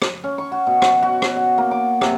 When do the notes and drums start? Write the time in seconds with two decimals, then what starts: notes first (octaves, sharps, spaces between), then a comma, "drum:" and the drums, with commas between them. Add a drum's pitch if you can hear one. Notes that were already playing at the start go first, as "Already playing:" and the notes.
0.02 drum: rim click
0.24 C#4
0.38 C#6
0.52 F#4
0.67 B2
0.82 F#4, drum: rim click
1.02 F#4
1.22 drum: rim click
1.37 F#5
1.58 A#3
1.71 D6
2.01 C3, drum: rim click